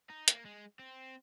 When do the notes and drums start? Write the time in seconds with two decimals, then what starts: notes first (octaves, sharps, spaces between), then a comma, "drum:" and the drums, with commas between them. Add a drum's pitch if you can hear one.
0.10 D#4
0.28 A#3, drum: hi-hat
0.45 G#3
0.79 C4